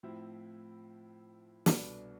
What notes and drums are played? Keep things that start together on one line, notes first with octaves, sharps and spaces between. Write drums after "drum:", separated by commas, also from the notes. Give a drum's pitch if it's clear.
A2 F3 C4 E4
C2 B2 B3 D4 A4, drum: snare